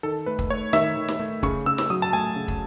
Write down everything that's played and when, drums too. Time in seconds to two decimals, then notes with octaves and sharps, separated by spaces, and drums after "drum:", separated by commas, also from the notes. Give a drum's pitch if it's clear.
0.03 D#3 A4
0.26 A3 B4
0.39 drum: kick
0.50 A3 C#5
0.73 D#3 E5, drum: snare
0.97 D#3
1.08 drum: snare
1.19 A3
1.43 C#3 C#6, drum: kick
1.66 C#3 E6
1.78 drum: snare
1.90 F#3 D#6
2.02 A5
2.13 A3 G#5
2.36 C#3
2.48 drum: kick